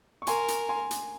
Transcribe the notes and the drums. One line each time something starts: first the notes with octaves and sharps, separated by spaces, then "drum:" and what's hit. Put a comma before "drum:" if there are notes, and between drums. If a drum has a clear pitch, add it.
C#6
A#4 G#5 C6, drum: hi-hat
drum: hi-hat
G#5 C6
drum: hi-hat